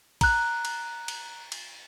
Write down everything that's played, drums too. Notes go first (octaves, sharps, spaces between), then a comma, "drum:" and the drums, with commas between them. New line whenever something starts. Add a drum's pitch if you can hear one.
A#5 F#6, drum: kick, cymbal
drum: cymbal
drum: cymbal
drum: cymbal